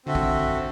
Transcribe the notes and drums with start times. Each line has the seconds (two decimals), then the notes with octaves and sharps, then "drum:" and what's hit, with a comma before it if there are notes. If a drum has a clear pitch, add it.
0.06 D3 C4 F#4 A4 E5
0.15 drum: kick